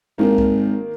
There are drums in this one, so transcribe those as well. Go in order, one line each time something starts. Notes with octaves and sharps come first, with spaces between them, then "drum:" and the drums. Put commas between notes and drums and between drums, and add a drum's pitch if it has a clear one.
G#1 D#3 A#3
drum: kick C2